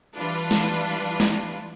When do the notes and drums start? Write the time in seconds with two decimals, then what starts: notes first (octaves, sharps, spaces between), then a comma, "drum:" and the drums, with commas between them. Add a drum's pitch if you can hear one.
0.16 E3 G3 D4 F4 B4
0.51 drum: snare
1.20 drum: snare